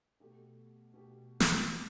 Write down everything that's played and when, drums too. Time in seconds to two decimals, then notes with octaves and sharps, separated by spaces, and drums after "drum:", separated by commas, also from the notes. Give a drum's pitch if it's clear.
0.20 B2 A3 G4
0.94 B2 A3 G4
1.40 drum: snare
1.69 B2 A3 G4